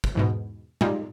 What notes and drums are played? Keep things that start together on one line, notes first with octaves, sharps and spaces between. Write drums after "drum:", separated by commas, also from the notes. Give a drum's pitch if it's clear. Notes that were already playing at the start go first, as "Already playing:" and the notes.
drum: kick
E2 G#2 B2
G3 G#3 D#4 F4, drum: tom A2